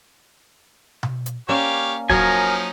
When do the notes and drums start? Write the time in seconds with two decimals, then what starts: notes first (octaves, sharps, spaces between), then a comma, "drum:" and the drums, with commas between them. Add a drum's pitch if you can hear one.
1.03 drum: tom B2
1.26 drum: hi-hat
1.49 A#3 C#4 G4 C#5 D5 F5
2.10 F3 F#3 C#4 D#4 A#4 G#5, drum: kick